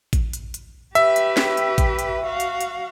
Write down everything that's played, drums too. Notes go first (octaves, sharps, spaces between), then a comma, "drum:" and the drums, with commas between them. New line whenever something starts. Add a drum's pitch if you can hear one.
drum: kick A1, hi-hat
drum: hi-hat
drum: hi-hat
G4 B4 E5, drum: hi-hat
drum: hi-hat
drum: snare
drum: hi-hat
drum: kick A1, hi-hat
drum: hi-hat
F#4 F5
drum: hi-hat
drum: hi-hat